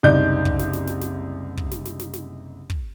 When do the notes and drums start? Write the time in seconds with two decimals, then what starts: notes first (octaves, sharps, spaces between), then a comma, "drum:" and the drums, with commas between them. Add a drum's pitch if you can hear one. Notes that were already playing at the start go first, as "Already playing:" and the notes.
0.03 F#1 C2 D#4 D5 G6
0.45 drum: kick
0.59 drum: snare
0.73 drum: snare
0.87 drum: snare
1.01 drum: snare
1.57 drum: kick
1.71 drum: snare
1.85 drum: snare
1.99 drum: snare
2.14 drum: snare
2.70 drum: kick